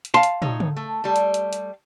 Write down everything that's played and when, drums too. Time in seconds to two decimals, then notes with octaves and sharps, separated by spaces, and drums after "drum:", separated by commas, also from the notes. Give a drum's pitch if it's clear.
0.05 drum: hi-hat
0.14 F5 A5 C6
0.23 drum: hi-hat
0.42 A2 D#4 C#5, drum: tom
0.60 drum: tom
0.76 A3
1.04 G3 A3
1.16 drum: hi-hat
1.34 drum: hi-hat
1.53 drum: hi-hat